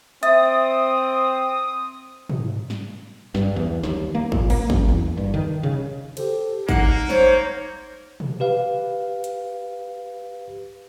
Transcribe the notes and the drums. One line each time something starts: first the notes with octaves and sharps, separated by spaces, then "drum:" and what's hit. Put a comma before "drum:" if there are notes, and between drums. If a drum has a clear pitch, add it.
C4 E5 D#6, drum: hi-hat
drum: tom
drum: snare
G2, drum: snare
E2
D#2, drum: snare
A#3
A#2, drum: kick G#1
A#3, drum: cymbal
F#2, drum: kick G#1
E2
G2
D#3
C#3
G4 A4 C5, drum: cymbal
A#3 D#4 F#5, drum: kick G#1
C5 C#5, drum: snare
drum: tom
G4 B4 F5
drum: hi-hat